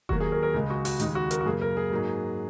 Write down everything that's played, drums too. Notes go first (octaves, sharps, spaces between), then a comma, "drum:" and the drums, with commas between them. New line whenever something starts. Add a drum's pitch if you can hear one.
D#2 D#3 F#3 A#3 F#4, drum: kick F1
G#4
A#4
A#4
C#2 C#3 G#3
F#4
F#4, drum: open hi-hat
D#2 C#3 G#3 D#4, drum: hi-hat
F#4
A#4, drum: hi-hat
F#4
F#2 C#3 A#3 G#4
A#4
G#4
G#2 F#3 A#3